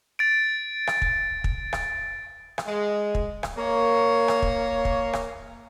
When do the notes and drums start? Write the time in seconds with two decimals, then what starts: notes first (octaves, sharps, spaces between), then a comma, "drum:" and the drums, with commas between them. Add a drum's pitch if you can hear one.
0.19 A6 D7
0.87 drum: rim click
1.02 drum: kick
1.44 drum: kick
1.73 drum: rim click
2.58 drum: rim click
2.67 G#3
3.15 drum: kick
3.43 drum: rim click
3.57 A#3 C#5
4.28 drum: rim click
4.42 drum: kick
4.85 drum: kick
5.13 drum: rim click